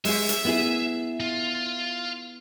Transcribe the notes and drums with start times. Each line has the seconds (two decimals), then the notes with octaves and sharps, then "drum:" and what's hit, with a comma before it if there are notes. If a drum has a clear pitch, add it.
0.05 G#3 G#4 E5, drum: open hi-hat
0.29 drum: hi-hat
0.45 B3 E4 G#4
1.20 F4